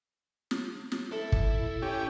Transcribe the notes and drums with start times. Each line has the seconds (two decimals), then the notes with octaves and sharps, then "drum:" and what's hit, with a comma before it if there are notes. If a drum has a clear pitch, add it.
0.51 drum: snare
0.92 drum: snare
1.12 E4 A4
1.32 drum: kick
1.82 C#4 G4